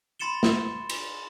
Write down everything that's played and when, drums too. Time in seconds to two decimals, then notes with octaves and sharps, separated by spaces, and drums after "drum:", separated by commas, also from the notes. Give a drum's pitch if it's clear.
0.19 B5 C6 A6 C#7 E7 G7
0.43 drum: snare
0.90 drum: cymbal